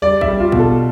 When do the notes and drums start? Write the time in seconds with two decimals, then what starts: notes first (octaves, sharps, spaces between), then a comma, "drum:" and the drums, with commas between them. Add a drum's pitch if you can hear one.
0.02 G3 D5
0.21 E5, drum: kick
0.28 G3
0.40 F4
0.52 B2, drum: kick
0.59 A4